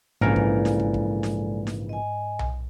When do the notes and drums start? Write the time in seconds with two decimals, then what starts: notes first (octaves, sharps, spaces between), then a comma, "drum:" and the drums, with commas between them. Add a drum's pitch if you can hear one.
0.21 A#1 G#2 C#3 E3 G#3 A4 A#4 D5
0.36 drum: kick
0.65 drum: snare D#4
0.80 drum: kick
0.94 drum: kick
1.23 drum: snare D#4
1.67 drum: snare D#4
1.89 D#5 G#5
2.39 drum: tom B1